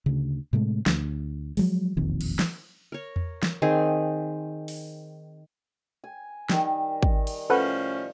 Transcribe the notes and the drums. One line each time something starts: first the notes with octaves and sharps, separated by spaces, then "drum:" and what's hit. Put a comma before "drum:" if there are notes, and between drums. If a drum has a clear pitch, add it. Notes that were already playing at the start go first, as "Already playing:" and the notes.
D2 C#3
A2 C3 G#3 A3
D2, drum: snare
F3 F#3 G#3, drum: open hi-hat
E1 A#1 F2 D#3
drum: cymbal
drum: snare
A#4 C#5
drum: tom E2
drum: snare
D#3 C4 G#4
drum: open hi-hat
G#5
D#3 G3, drum: snare
drum: kick
drum: cymbal
A2 F3 C#4 A4 B4 F#5